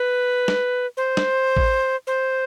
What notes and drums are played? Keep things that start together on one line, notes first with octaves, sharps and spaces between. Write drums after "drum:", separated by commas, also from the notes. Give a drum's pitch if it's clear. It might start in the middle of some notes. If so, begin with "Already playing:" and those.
Already playing: B4
drum: snare
C5
drum: snare
drum: kick A1
C5